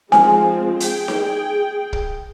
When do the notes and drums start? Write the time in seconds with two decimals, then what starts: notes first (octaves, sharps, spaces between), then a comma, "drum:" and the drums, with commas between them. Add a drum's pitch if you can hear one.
0.12 F3 G#3 C4 G#5, drum: snare D#4
0.80 G#4 G5, drum: hi-hat
1.08 drum: snare D#4
1.93 drum: kick